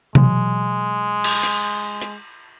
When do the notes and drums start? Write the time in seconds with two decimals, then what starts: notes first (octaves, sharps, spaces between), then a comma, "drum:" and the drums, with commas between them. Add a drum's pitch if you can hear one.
0.15 B2 E3 F#3 G#3, drum: tom C3
1.24 drum: cymbal
1.43 drum: hi-hat
2.01 drum: hi-hat